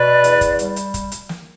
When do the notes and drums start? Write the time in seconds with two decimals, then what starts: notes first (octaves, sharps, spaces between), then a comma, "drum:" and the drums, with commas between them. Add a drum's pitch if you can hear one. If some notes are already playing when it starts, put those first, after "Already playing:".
Already playing: B2 B4 D5
0.24 E2, drum: hi-hat
0.41 drum: kick, hi-hat
0.59 G3, drum: hi-hat
0.76 drum: hi-hat
0.94 drum: kick, hi-hat
1.12 drum: hi-hat
1.29 drum: snare